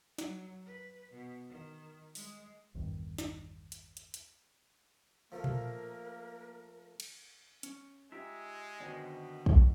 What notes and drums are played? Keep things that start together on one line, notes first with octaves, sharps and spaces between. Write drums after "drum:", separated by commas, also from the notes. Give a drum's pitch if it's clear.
F#3, drum: snare
B4
B2
D#3
G#3, drum: open hi-hat
A1 E2 G2 D#3
drum: snare
drum: hi-hat
drum: hi-hat
drum: hi-hat
F3 A3 A#3 A#4
drum: tom A#2
drum: cymbal
C#4, drum: hi-hat
G#3 D#4 F4 G4 E5
F#2 B2 D3 D#3 C4 D5 F#5
drum: kick